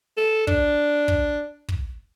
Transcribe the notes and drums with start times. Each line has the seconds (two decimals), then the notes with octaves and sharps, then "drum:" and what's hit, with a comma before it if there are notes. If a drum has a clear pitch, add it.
0.17 A4
0.47 D4, drum: kick
1.08 drum: kick
1.69 drum: kick